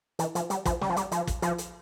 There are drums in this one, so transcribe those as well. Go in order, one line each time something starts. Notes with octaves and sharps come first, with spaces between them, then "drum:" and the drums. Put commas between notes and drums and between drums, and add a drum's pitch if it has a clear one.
E3, drum: hi-hat
F3, drum: hi-hat
G3, drum: hi-hat
F3, drum: kick, hi-hat
G3, drum: snare
F3
G3, drum: hi-hat
F3, drum: hi-hat
drum: kick, hi-hat
F3, drum: hi-hat
drum: hi-hat